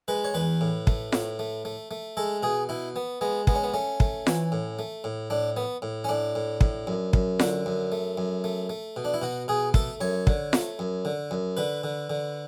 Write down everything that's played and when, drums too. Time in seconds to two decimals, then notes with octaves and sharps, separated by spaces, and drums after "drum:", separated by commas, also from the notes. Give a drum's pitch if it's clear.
0.08 G#3 B4
0.24 C#5
0.34 E2 B4
0.61 A2
0.87 A3, drum: kick
1.12 A2, drum: snare F4
1.39 A3
1.65 A3
1.91 A3
2.17 G#3 A4
2.43 B2 G#4
2.69 B2 E4
2.96 B3
3.21 G#3 B3
3.47 G#3 B3, drum: kick
3.55 C#4
3.63 B3
3.74 A3 C#4
4.00 A3, drum: kick
4.27 E3, drum: snare F4
4.52 A2
4.79 A3
5.04 A2
5.30 A2 D4
5.57 B3
5.82 A2
6.04 C#4
6.09 A2 D4
6.35 A2
6.61 A2, drum: kick
6.87 F#2
7.13 F#2, drum: kick
7.39 D3, drum: snare F4
7.66 F#2
7.92 A3
8.18 F#2
8.44 A3
8.69 A3
8.96 B2
9.05 D4
9.14 E4
9.22 B2 F#4
9.48 B2 G#4
9.74 A3 A4, drum: kick
10.01 F#2 C#5
10.27 D3, drum: kick
10.53 A3, drum: snare F4
10.79 F#2
11.05 D3
11.31 F#2
11.57 D3 B4
11.84 D3
12.10 D3